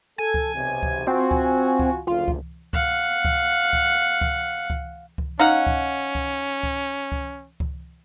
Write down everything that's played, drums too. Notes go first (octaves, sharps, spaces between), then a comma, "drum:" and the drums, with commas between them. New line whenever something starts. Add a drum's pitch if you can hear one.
A4 G#5
drum: kick C#2
B1 C3
drum: kick C#2
C4 F4 F#4 G#5
drum: kick C#2
drum: kick C#2
F#1 D2 F4
drum: kick C#2
F5 F#5, drum: kick C#2
drum: kick C#2
drum: kick C#2
drum: kick C#2
drum: kick C#2
drum: kick C#2
C#4 D#4 F5 F#5
drum: kick C#2
drum: kick C#2
drum: kick C#2
drum: kick C#2
drum: kick C#2